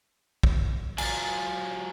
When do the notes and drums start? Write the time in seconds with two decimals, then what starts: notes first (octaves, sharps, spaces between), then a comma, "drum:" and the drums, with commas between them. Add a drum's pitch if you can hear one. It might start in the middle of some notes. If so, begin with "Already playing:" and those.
0.43 drum: kick
0.98 F#3 F4 G#5 A6, drum: cymbal